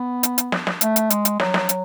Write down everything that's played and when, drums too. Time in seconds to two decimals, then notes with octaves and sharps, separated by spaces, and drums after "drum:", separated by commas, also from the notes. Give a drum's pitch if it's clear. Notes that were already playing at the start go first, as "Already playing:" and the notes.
Already playing: B3
0.23 drum: hi-hat
0.38 drum: hi-hat
0.52 drum: snare
0.67 drum: snare
0.81 A3, drum: hi-hat
0.96 drum: hi-hat
1.10 G#3, drum: hi-hat
1.25 drum: hi-hat
1.40 F#3, drum: snare
1.54 drum: snare
1.69 F#3, drum: hi-hat